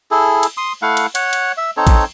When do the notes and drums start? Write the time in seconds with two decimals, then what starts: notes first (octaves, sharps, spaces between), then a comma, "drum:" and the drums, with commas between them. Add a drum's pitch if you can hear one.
0.11 E4 G#4 A4
0.43 drum: cymbal
0.57 C6 D#6
0.82 A3 E4 F5 F#5
0.97 drum: cymbal
1.15 C#5 F#5, drum: cymbal
1.33 drum: cymbal
1.57 E5
1.77 C4 D#4 A4 C#5
1.87 drum: kick A1, cymbal